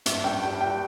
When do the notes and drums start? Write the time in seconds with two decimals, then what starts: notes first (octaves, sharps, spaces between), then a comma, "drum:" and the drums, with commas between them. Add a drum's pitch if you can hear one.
0.06 G2 E5, drum: hi-hat
0.24 G2 G5
0.43 G3 G5
0.61 G3 G5